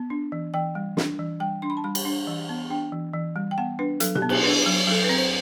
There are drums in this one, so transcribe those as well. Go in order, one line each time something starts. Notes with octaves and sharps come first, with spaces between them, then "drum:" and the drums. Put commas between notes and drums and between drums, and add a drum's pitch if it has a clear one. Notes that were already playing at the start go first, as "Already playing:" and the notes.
Already playing: B3
D4
E3
E3 G5
G3
D4, drum: snare
E3
G3 G5
D4 C6
B5
A5
G3 B5
drum: cymbal
D4
E3
B3
D4 G5
E3
E3
G3
G5
B3 F#5
D4 B4
F#3 A4, drum: hi-hat
G4, drum: tom B2
B3
G4, drum: cymbal
D4 B4
F#3
F#3 A4
B4
C4
C5